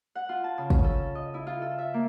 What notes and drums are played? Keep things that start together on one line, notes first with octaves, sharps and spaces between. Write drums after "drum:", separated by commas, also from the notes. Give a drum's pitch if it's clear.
F#5
F4
A5
C#3
C#4, drum: kick
A4
D#5
E4
F4
A4
E5
A#3